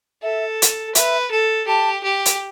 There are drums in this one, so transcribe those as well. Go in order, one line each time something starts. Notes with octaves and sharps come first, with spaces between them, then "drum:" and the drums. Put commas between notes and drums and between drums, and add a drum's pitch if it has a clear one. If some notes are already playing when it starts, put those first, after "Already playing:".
A4 E5
drum: hi-hat
B4 E5, drum: hi-hat
A4
G4 A5
G4
drum: hi-hat